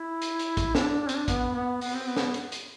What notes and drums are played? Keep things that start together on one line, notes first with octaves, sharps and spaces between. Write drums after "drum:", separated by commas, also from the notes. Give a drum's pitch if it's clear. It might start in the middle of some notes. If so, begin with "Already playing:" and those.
Already playing: E4
drum: hi-hat
drum: hi-hat
drum: kick, hi-hat
D4, drum: snare
D4
C4, drum: hi-hat
D4
B3, drum: kick, hi-hat
B3
B3, drum: open hi-hat
C4
B3
drum: snare
drum: hi-hat
drum: hi-hat